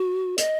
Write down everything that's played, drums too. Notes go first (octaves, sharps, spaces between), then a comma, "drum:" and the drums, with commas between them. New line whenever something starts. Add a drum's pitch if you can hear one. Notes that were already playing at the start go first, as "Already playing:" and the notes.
Already playing: F#4
D#5, drum: hi-hat